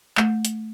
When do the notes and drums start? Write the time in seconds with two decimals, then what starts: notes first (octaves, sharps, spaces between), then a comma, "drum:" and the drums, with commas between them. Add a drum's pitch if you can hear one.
0.17 A3, drum: clap
0.45 drum: hi-hat